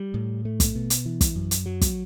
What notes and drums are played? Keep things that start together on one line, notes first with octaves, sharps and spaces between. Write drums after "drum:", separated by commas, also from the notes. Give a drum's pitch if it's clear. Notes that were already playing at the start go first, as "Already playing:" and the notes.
Already playing: G3
A2
A3
drum: kick, hi-hat
B2
drum: hi-hat
E3
drum: kick, hi-hat
F#2
drum: hi-hat
F#3
drum: kick, hi-hat